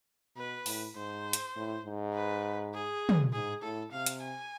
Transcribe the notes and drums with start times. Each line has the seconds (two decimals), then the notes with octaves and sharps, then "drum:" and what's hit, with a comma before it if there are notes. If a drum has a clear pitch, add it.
0.36 B2 B4
0.66 A2, drum: open hi-hat
0.95 G#2 C5
1.33 drum: hi-hat
1.56 A2
1.85 G#2
2.14 B4
2.74 G#4
3.09 drum: tom
3.33 G#2 G#4
3.62 A2 A4
3.92 C3 F5
4.06 drum: hi-hat
4.21 G#5